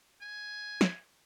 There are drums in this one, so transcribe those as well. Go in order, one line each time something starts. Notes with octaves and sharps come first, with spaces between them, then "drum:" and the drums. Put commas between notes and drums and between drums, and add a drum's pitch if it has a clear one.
G#5
drum: snare